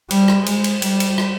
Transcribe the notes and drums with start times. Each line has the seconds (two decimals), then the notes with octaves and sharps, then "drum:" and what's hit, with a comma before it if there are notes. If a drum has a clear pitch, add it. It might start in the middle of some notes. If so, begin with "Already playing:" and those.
0.11 G3, drum: cymbal
0.28 drum: rim click
0.46 G#3, drum: cymbal
0.64 drum: cymbal
0.82 G3, drum: cymbal
1.00 drum: cymbal
1.18 drum: rim click